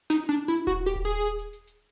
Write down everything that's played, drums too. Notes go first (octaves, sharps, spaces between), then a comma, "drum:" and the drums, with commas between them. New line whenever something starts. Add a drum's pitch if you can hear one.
D#4, drum: snare
D4
drum: open hi-hat
E4
F#4, drum: kick D#1, hi-hat
G4
drum: kick D#1, open hi-hat
G#4
drum: hi-hat
drum: hi-hat
drum: hi-hat
drum: hi-hat